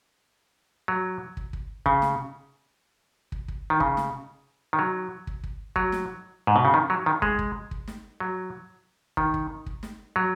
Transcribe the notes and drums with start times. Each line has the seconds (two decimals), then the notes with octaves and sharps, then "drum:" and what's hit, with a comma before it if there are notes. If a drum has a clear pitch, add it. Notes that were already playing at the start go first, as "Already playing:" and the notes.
0.88 F#3
1.37 drum: kick
1.53 drum: kick
1.86 C#3, drum: kick
2.02 drum: snare
3.32 drum: kick
3.48 drum: kick
3.70 D#3
3.80 C#3, drum: kick
3.97 drum: snare
4.73 D#3
4.79 F#3
5.27 drum: kick
5.44 drum: kick
5.76 F#3, drum: kick
5.92 drum: snare
6.47 G#2
6.56 B2
6.65 C#3
6.74 D#3
6.90 F#3
7.06 D#3
7.22 G#3, drum: kick
7.39 drum: kick
7.71 drum: kick
7.88 drum: snare
8.20 F#3
9.17 D#3, drum: kick
9.34 drum: kick
9.66 drum: kick
9.83 drum: snare
10.16 F#3